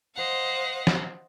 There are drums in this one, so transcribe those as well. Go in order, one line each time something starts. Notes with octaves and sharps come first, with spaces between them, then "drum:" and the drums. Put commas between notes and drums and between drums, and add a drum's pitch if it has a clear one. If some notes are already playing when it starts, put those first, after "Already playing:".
C5 D#5 F5 F#5
drum: snare